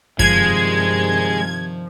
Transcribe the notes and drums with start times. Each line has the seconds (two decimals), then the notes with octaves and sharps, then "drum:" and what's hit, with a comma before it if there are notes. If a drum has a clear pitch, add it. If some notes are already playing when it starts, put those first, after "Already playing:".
0.19 G2 C3 D#3 F3 G#3 G#6, drum: kick F#2